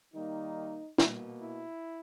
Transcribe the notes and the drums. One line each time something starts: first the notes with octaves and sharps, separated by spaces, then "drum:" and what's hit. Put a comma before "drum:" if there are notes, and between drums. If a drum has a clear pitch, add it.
D#3 G3 A#3 D#4
B2 A#3, drum: snare
E4